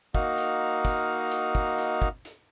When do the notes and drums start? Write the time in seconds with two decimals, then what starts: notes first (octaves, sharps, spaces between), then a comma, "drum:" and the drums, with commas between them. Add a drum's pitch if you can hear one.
0.15 A#3 D#4 F#4 D#5 F5, drum: kick
0.38 drum: hi-hat
0.85 drum: kick, hi-hat
1.31 drum: hi-hat
1.55 drum: kick
1.78 drum: hi-hat
2.02 drum: kick
2.25 drum: hi-hat